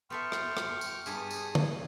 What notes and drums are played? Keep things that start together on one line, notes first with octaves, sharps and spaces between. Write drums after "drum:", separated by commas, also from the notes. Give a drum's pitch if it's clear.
B3 A4 E5 G5 C6 C#6 F6
drum: rim click
drum: rim click
drum: tambourine
G2 G3 B3 G#4 G#5 A5 D#6, drum: tambourine
drum: tambourine
drum: tom